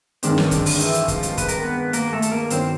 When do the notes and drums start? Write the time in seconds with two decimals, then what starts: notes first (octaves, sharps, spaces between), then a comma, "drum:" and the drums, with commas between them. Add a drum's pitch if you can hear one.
0.23 G2 D#3 G#3 C4 D4, drum: hi-hat
0.38 C#4, drum: snare
0.51 D3 D4, drum: kick, hi-hat
0.66 drum: open hi-hat
0.80 E3 E4, drum: hi-hat
0.94 drum: hi-hat
1.08 F3 F4, drum: kick, hi-hat
1.23 drum: hi-hat
1.38 B4, drum: kick, hi-hat
1.48 A#4, drum: hi-hat
1.59 B3 B4
1.93 A#3 A#4, drum: hi-hat
2.13 A3 A4
2.22 drum: hi-hat
2.32 A#3 A#4
2.50 G2 D#3 F#3 B3 C4 C5, drum: hi-hat